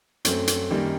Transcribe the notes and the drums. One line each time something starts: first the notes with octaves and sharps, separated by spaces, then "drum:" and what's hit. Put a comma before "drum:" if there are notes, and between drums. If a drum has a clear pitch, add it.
F#2 F#3 A3 C4, drum: hi-hat
drum: hi-hat
F#2 D#3 G3 A#3